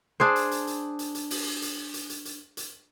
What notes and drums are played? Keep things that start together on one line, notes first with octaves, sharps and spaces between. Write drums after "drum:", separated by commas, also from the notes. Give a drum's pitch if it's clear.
D4 G#4 C5
drum: hi-hat
drum: hi-hat
drum: hi-hat
drum: hi-hat
drum: hi-hat
drum: open hi-hat
drum: hi-hat
drum: hi-hat
drum: hi-hat
drum: hi-hat
drum: hi-hat